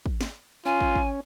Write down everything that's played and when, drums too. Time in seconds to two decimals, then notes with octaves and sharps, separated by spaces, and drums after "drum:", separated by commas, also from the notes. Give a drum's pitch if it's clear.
0.06 drum: kick
0.21 drum: snare
0.66 C#4 F4 G#5
0.81 drum: kick
0.96 drum: kick